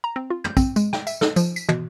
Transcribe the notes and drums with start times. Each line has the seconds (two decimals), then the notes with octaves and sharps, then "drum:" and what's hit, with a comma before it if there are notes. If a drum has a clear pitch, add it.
0.04 A#5
0.16 C4
0.30 F4
0.44 G6, drum: tom
0.57 C4, drum: kick, tambourine
0.76 G#3, drum: tambourine
0.93 G5, drum: snare
1.07 E5, drum: tambourine
1.21 A4, drum: snare
1.36 F3, drum: tambourine
1.56 B6, drum: tambourine
1.69 B2, drum: tom